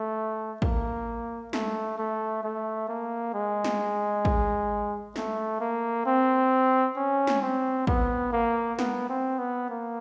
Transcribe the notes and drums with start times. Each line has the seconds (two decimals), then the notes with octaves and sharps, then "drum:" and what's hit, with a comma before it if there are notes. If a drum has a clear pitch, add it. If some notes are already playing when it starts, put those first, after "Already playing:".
Already playing: A3
0.62 A#3, drum: kick
1.53 A3, drum: snare
1.98 A3
2.43 A3
2.89 A#3
3.34 G#3
3.64 drum: snare
4.25 drum: kick
5.16 A3, drum: snare
5.60 A#3
6.06 C4
6.97 C#4
7.27 drum: snare
7.42 C4
7.87 B3, drum: kick
8.33 A#3
8.79 B3, drum: snare
9.09 C4
9.39 B3
9.70 A#3